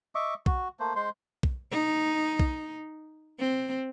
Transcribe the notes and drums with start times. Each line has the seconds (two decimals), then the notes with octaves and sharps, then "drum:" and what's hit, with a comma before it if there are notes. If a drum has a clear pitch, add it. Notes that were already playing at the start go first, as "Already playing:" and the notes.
0.15 D#5 E5 C#6 D6
0.46 F#4, drum: kick
0.80 A3 A#3 C5
0.96 G#3 C5 C6
1.43 drum: kick
1.71 D#4
2.39 drum: kick
3.40 C4